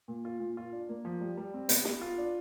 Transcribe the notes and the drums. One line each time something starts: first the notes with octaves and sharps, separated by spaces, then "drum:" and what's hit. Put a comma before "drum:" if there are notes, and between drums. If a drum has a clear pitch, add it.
A#2
F4
A#2
F4
D4
A#3
F3
G3
G3
C4
B3, drum: hi-hat
B3, drum: snare
F4
D4